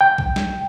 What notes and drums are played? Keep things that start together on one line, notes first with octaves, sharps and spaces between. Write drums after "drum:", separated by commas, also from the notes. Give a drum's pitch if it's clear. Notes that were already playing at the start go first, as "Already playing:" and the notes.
G5
drum: kick
drum: snare